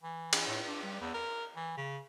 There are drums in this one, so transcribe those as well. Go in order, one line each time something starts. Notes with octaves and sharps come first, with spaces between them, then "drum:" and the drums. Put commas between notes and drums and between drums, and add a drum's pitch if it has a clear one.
E3
drum: cymbal
A2
D4
G3
E2
A#4
E3
C#3